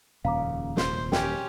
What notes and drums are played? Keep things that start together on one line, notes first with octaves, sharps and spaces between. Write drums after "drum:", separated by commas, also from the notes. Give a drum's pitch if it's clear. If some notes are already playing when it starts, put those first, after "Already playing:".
D#1 F2 A#2 C#3 F5 A#5 D6
F1 A#2 C5, drum: snare
D#1 C#4 G4 G5, drum: snare